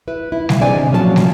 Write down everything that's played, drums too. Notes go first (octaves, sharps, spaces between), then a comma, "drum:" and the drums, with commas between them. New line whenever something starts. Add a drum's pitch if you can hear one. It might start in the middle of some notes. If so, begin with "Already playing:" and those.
E4 B4
E4
drum: snare
C3 D#3 G#3 D4 D5 G#5
A#2 F3 F#3 C#4 B4 A5
drum: snare